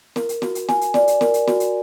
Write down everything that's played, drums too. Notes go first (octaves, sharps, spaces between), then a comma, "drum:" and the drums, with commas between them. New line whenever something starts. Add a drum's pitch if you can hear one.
A#4, drum: snare
drum: hi-hat
F#4, drum: snare
drum: hi-hat
G#5, drum: snare
drum: hi-hat
D5, drum: snare
drum: hi-hat
A#4, drum: snare
drum: hi-hat
F#4, drum: snare
drum: hi-hat